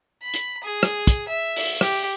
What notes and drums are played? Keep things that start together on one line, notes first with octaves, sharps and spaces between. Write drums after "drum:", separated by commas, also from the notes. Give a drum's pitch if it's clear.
B5
drum: hi-hat
G#4
drum: rim click
drum: kick, hi-hat
E5
drum: open hi-hat
G4, drum: rim click